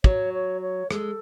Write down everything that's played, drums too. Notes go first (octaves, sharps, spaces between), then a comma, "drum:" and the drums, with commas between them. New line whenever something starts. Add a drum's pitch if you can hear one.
F#3 C#5, drum: kick
C#5
C#5
G#3 A4, drum: rim click